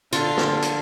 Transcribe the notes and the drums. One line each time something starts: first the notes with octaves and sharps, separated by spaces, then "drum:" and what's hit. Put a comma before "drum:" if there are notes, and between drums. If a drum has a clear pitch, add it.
D3 F4, drum: hi-hat
drum: snare
drum: hi-hat